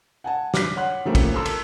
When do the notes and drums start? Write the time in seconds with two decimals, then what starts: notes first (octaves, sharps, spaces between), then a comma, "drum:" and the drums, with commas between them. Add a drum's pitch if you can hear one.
0.24 F#5 G#5 A5
0.54 D6 F6 F#6 B6 C7, drum: snare
0.76 C#5 F#5 C6 F#6
1.05 D3 F3 G3 A3 A#3 C#4
1.15 drum: kick, cymbal
1.34 A4 A#4 A5 C6 E6
1.45 drum: cymbal